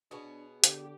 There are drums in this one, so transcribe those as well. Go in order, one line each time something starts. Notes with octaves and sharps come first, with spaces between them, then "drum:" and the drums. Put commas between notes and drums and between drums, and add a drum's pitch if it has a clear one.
B2 B3 D4 G#4 C#5
D3 G4, drum: hi-hat